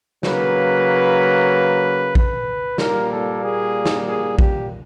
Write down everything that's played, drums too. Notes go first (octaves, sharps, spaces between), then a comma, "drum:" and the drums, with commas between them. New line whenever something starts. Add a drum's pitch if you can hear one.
C#3 F#3 A#3 B4, drum: snare
B4, drum: kick A#1
A#2 G3 A#3 A#4, drum: snare
A4
G#4
drum: snare
G#4
G4, drum: kick A#1